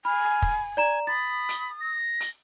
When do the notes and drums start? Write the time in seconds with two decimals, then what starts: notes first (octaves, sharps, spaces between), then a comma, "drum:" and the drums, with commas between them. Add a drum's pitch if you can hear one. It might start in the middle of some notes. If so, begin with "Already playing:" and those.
0.05 G#5 B5 F6
0.42 drum: kick
0.77 D5 G#5 A#5 E7
1.07 B5 D#6 A6
1.49 drum: hi-hat
1.81 A#6
2.20 drum: hi-hat